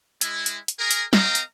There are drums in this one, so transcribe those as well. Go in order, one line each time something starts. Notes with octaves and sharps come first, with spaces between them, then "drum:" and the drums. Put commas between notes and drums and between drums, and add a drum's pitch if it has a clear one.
G#3 E4, drum: hi-hat
drum: hi-hat
drum: hi-hat
G#4 A#4
drum: hi-hat
C4 A#4 D#5 F5 G5 A#5, drum: snare
drum: hi-hat